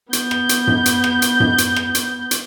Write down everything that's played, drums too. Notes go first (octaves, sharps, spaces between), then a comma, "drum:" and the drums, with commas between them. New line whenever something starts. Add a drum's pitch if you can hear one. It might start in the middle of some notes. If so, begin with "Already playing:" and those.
B3 G6, drum: hi-hat
drum: rim click
drum: hi-hat
drum: tom F#2
drum: hi-hat
drum: rim click
drum: hi-hat
drum: tom F#2
drum: hi-hat
drum: rim click
drum: hi-hat
drum: hi-hat